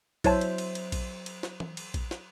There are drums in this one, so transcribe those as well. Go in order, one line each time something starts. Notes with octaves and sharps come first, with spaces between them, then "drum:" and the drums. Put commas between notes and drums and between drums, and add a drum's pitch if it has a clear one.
F#3 E4 C5 C#5 E5 A5, drum: kick A#1, cymbal
drum: cymbal
drum: cymbal
drum: cymbal
drum: kick A#1, cymbal
drum: cymbal
drum: snare
drum: tom E3
drum: cymbal
drum: kick A#1, cymbal
drum: snare